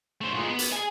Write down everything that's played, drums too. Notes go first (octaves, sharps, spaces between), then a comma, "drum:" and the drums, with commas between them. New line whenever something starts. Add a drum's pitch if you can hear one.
A3 C5
A#2 G#3
B3
drum: hi-hat
G#4 G#5